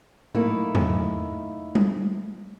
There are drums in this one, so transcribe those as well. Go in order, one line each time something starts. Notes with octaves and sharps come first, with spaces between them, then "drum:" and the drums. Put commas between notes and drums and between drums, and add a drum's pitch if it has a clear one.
A3 A#3 D#4 E4, drum: tom A2
drum: tom E2
drum: tom G3